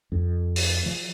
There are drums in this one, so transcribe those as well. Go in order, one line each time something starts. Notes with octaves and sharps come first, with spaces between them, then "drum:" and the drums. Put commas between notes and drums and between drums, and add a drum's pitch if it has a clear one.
F2
drum: open hi-hat
F3